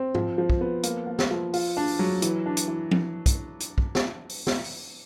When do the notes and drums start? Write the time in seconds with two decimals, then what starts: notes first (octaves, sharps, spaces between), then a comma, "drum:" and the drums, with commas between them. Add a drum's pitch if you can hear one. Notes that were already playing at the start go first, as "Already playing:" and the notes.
Already playing: C4
0.15 F3, drum: tom G#2
0.38 F3
0.50 drum: kick
0.61 B3
0.84 A#3, drum: hi-hat
1.07 A#3
1.19 drum: snare
1.31 F3
1.54 F4, drum: open hi-hat
1.77 D4
1.88 drum: open hi-hat
1.99 F#3
2.22 E3, drum: hi-hat
2.46 D4
2.57 drum: hi-hat
2.68 E3
2.91 drum: tom F3
3.26 drum: kick, hi-hat
3.60 drum: hi-hat
3.78 drum: kick
3.95 drum: snare
4.30 drum: open hi-hat
4.47 drum: snare
4.64 drum: open hi-hat